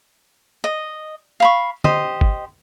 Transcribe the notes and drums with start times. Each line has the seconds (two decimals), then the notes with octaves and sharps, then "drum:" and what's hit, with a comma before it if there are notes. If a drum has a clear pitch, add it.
0.64 D#5
1.40 F5 B5 C#6
1.84 G4 C5 D#5, drum: tom
2.21 drum: kick